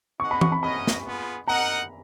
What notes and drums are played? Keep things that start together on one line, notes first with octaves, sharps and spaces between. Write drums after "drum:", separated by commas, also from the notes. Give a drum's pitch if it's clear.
D#4 G#4 B4 D#5 F#5 C#6
B5
C#6, drum: tom E3
B5
C#4 F#4 A#4 D#5 B5
drum: snare
B3 F4 G#4
D#4 A#4 D#5 F#5 A#5